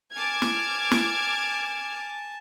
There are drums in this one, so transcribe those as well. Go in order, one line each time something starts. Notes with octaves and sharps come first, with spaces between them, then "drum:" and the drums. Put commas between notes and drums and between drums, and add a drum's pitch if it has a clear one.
G#5 A5 D6 F6 G#6
drum: snare
drum: snare